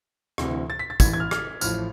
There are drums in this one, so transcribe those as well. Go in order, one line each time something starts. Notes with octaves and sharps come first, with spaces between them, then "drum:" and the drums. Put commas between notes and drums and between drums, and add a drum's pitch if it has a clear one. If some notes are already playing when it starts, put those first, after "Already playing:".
D2 C3 E3, drum: rim click
A6
B6
A6
A1 A2 E3 G#6, drum: kick, tambourine
G#6
F6
F6, drum: rim click
A1 A2 F3 F6, drum: tambourine